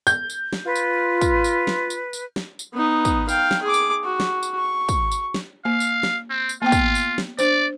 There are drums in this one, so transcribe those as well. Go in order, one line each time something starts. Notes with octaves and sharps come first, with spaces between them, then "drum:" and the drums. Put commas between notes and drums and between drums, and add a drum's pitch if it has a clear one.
G6, drum: tambourine
drum: tambourine
drum: snare
F4 B4
drum: tambourine
drum: kick, tambourine
drum: tambourine
drum: snare
drum: tambourine
drum: tambourine
drum: snare
drum: tambourine
B3 D#4
drum: kick, tambourine
F5 G5, drum: tambourine
drum: snare
G#4 D6
drum: tambourine
F#4
drum: snare
drum: tambourine
C#6
drum: kick, tambourine
drum: tambourine
drum: snare
A#3 F5
drum: tambourine
drum: snare
C4
drum: tambourine
A#3 B3 F4 G5
drum: kick, tambourine
drum: tambourine
drum: snare
D4 C5 D5, drum: tambourine